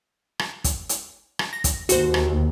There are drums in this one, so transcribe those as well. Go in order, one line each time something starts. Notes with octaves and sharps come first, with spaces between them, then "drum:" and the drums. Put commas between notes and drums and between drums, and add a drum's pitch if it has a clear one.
drum: rim click
drum: kick, hi-hat
drum: hi-hat
drum: rim click
A#6
drum: kick, hi-hat
D#2 F#4 C5, drum: hi-hat
drum: rim click